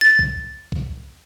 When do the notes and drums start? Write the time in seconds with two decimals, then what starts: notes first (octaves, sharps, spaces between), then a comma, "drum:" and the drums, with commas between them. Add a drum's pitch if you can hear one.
0.01 A6
0.19 drum: kick
0.72 drum: kick